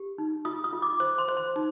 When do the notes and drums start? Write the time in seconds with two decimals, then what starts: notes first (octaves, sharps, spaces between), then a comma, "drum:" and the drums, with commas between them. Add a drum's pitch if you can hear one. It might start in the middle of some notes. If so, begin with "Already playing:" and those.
Already playing: G4
0.18 D#4
0.45 F4 D#6, drum: hi-hat
0.64 D#6
0.73 F4
0.82 D6
1.00 C5 D6, drum: open hi-hat
1.18 C6
1.28 C5, drum: hi-hat
1.37 C6
1.56 D#4, drum: hi-hat